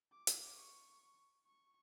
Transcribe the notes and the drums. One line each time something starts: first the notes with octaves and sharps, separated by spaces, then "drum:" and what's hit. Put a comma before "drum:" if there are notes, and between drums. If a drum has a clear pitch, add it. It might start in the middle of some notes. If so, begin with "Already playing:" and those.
D6
drum: hi-hat
C#6
C#6